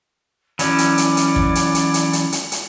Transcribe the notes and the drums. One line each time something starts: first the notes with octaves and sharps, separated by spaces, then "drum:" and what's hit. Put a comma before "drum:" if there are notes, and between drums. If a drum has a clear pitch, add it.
E3 F#3 C#4 D5, drum: hi-hat
drum: hi-hat
drum: hi-hat
drum: hi-hat
drum: kick
drum: hi-hat
drum: hi-hat
drum: hi-hat
drum: hi-hat
drum: hi-hat
drum: hi-hat